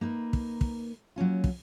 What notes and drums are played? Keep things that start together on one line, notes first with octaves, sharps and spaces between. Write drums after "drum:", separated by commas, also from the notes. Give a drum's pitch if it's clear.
A#3 D#4 A#4 B4
drum: kick
drum: kick
F#3 A#3 C#4 F4
drum: kick